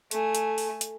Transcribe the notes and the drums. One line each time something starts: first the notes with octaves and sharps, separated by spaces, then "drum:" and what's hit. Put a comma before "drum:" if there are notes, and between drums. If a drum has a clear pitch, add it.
A3 G#5, drum: hi-hat
drum: hi-hat
drum: open hi-hat
drum: hi-hat